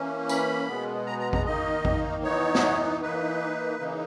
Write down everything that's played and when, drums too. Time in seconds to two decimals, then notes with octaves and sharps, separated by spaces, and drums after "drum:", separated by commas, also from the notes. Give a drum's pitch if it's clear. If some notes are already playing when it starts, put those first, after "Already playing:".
Already playing: E3 A#3 C#4
0.29 B5, drum: tambourine
0.68 B2 G#3 B3
1.06 A#5
1.19 A#5
1.33 A#5, drum: kick A1
1.46 D#3 A#3 D#4 D#5
1.85 drum: kick A1
2.23 E3 B3 D#4 C#5
2.55 drum: snare
3.02 E3 A#3 D#4 B4
3.80 C#3 E3 A#3 D#4